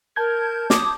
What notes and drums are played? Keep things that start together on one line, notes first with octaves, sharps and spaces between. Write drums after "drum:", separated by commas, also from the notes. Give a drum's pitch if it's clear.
A#4 A5 G6 G#6
D6 D#6, drum: snare